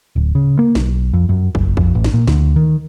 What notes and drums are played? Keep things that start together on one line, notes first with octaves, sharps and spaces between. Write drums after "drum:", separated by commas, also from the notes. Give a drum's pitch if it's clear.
D1
C#3
A#3
B1, drum: snare
F2
F#2
F#1, drum: kick
F2, drum: kick
A1
drum: snare
A#2
D2, drum: snare
D#3